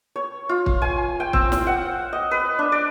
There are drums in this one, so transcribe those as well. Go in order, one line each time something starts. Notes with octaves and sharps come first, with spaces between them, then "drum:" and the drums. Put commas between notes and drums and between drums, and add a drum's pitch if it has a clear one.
C#5
F4
drum: kick
G#5
G5
C4, drum: kick
drum: snare
F#5
D#5
B4
D4
D5